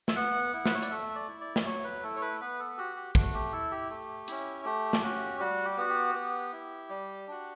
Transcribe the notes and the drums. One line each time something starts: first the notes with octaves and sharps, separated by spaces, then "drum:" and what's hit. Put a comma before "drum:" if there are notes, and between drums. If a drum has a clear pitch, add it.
E5, drum: snare
B3 F#5
E4
B4, drum: snare
C#5
D5, drum: hi-hat
A3 E5
D5
E4
D5
drum: snare
F#3 C#5
B4
A3 E4 A4
C#5
B4
B3 B4
A4
F#4 G4
G4
A3 F#4, drum: kick
G4
E4 A4
G4
A3
C#4 E4, drum: hi-hat
A3 G4
drum: snare
C#4 F#4
G3 F#4
G4
B3 F#4
G4
B3
E4
G3
D4 F#4